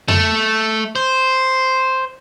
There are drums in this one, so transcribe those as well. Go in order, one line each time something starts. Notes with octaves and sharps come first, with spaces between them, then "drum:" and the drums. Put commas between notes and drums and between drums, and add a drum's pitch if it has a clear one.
A3, drum: tom F2
C5